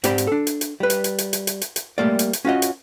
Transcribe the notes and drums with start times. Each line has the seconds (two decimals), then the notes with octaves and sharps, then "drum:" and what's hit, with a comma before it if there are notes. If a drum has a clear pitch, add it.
0.04 G#2 C4 G4 D5 B5, drum: hi-hat
0.18 drum: hi-hat
0.27 D4 A4
0.47 drum: hi-hat
0.61 drum: hi-hat
0.80 G3 B4
0.90 drum: hi-hat
1.04 drum: hi-hat
1.18 drum: hi-hat
1.33 drum: hi-hat
1.47 drum: hi-hat
1.62 drum: hi-hat
1.76 drum: hi-hat
1.98 G3 A3 A#3 D5
2.19 drum: hi-hat
2.33 drum: hi-hat
2.45 C#4 F4 F#4 D#5
2.62 drum: hi-hat